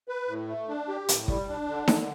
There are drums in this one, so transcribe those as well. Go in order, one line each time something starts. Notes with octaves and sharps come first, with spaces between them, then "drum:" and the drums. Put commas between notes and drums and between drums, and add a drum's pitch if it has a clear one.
B4
A2
A3
D4
G4
A2, drum: hi-hat
G3, drum: kick
D4
D3
D3, drum: snare D#4